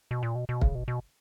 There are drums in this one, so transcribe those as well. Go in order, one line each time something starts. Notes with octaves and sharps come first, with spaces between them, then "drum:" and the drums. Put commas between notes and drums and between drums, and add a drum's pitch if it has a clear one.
B2
A#2
B2
B2
C#3, drum: kick
B2
B2